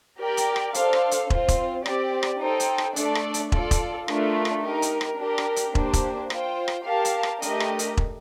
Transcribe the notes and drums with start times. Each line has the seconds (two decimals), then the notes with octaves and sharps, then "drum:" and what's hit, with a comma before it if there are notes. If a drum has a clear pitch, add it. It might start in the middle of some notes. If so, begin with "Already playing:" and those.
0.19 G4 A#4 D5 G5
0.37 drum: hi-hat
0.56 drum: rim click
0.74 D4 A4 C5 F5, drum: hi-hat
0.93 drum: rim click
1.11 drum: hi-hat
1.30 C4 F4 C5, drum: kick
1.48 drum: kick, hi-hat
1.86 C4 G4 D5, drum: rim click
2.23 drum: rim click
2.41 D#4 A4 C5 G5
2.60 drum: hi-hat
2.78 drum: rim click
2.96 A3 D4 A4 D5, drum: hi-hat
3.15 drum: rim click
3.34 drum: hi-hat
3.52 F4 A4 D5, drum: kick
3.71 drum: kick, hi-hat
4.08 A3 D4 F4 A#4, drum: rim click
4.45 drum: rim click
4.64 D#4 G4 A#4
4.82 drum: hi-hat
5.01 drum: rim click
5.19 D4 G4 A#4
5.38 drum: rim click
5.56 drum: hi-hat
5.75 A#3 D4 G4 C5, drum: kick
5.93 drum: kick, hi-hat
6.30 F4 C5 G5, drum: rim click
6.68 drum: rim click
6.86 G4 A#4 F5 A5
7.05 drum: hi-hat
7.23 drum: rim click
7.42 A3 D4 G4 A#4 D#5, drum: hi-hat
7.60 drum: rim click
7.79 drum: hi-hat
7.97 drum: kick